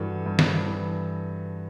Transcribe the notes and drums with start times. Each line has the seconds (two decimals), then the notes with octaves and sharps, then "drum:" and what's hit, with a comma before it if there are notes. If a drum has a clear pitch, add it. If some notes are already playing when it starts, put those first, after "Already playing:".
Already playing: G2 E3 F#4 A4
0.26 G2
0.39 drum: snare
0.67 E3